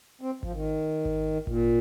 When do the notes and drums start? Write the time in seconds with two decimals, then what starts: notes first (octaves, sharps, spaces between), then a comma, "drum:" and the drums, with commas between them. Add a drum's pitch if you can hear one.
0.21 C4
0.43 F3, drum: kick G#1
0.53 D#3
1.05 drum: kick G#1
1.47 A#2, drum: kick G#1